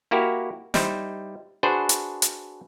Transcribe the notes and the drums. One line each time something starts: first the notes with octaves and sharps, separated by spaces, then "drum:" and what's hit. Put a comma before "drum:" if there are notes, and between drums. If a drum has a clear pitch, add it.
A#3 E4 F#4 G4 A#4
G3 D#4 E4 C5, drum: snare
D4 F#4 G#4 B4 C5
drum: hi-hat
drum: hi-hat